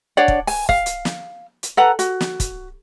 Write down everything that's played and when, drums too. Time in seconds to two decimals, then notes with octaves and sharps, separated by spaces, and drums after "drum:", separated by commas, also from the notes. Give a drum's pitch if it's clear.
0.17 D4 C#5 D5 F#5
0.28 drum: kick
0.47 G#5, drum: open hi-hat
0.69 F5, drum: kick
0.86 drum: hi-hat
1.05 drum: snare
1.63 drum: hi-hat
1.77 A4 B4 F#5 A#5
1.99 F#4, drum: hi-hat
2.20 drum: snare
2.40 drum: kick, hi-hat